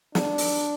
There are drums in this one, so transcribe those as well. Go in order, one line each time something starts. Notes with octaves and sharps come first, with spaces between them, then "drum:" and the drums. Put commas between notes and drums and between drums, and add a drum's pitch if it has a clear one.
D4, drum: snare
drum: open hi-hat